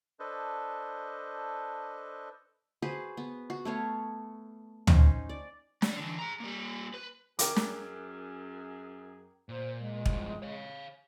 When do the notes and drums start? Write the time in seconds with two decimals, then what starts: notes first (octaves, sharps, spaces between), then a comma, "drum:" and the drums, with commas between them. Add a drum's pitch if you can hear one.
0.20 D4 A4 B4 C5 D#5
2.82 F#4 G#4 B4 C5
3.17 B3
3.50 F#4
3.65 A3 B3 C#5 F5
4.87 C#4 D#4 C5, drum: tom
5.29 D5
5.82 F#3 D5, drum: snare
5.97 D3 E3
6.19 G#4 A#5
6.40 G3 A#3
6.94 B4
7.39 F#2 G#4 A#4 G5 D6, drum: hi-hat
7.56 drum: snare
9.49 A#2 C5
9.79 G#3
10.06 G2 F3, drum: kick
10.42 C#5 F5